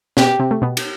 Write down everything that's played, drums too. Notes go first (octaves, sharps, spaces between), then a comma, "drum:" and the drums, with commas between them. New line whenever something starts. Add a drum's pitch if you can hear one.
B2 B3 G4, drum: snare
C3 C4
A3
B2 B3
drum: cymbal